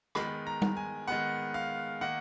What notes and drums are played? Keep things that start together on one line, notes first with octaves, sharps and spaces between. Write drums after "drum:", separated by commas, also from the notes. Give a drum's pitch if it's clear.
D#3 G#3 B3 B5, drum: rim click
A#5
drum: tom G3
G#5
D#3 G#3 B3 F#5
F5
D#3 A#3 F#5